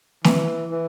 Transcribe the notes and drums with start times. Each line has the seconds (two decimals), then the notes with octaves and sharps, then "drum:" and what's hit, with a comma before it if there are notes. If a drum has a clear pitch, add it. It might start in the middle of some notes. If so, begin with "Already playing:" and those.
0.24 E3, drum: snare
0.70 E3